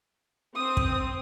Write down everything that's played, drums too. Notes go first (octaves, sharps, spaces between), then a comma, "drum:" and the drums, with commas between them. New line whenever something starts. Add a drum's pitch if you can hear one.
C4 D#6
drum: kick